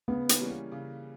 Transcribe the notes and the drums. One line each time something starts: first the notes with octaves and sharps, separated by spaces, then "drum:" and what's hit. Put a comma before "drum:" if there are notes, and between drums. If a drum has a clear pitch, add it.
C#3 B3
drum: hi-hat
E3 G3 A#3 C#4
C#3